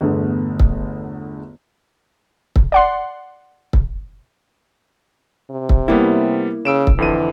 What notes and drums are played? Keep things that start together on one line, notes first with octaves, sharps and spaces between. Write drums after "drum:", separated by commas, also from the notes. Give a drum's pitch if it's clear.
G1 E2 D3 A3 B3 G#4
drum: kick
drum: kick
D5 F#5 C6
drum: kick
C3
drum: kick
G3 A#3 B3 E4
C#3 E6 D7 E7
drum: kick
F2 D3 E3 D#7